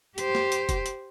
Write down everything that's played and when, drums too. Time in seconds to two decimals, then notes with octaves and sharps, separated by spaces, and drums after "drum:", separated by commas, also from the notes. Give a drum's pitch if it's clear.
0.18 G4 C5, drum: hi-hat
0.35 drum: snare
0.52 drum: hi-hat
0.69 drum: kick, hi-hat
0.86 drum: hi-hat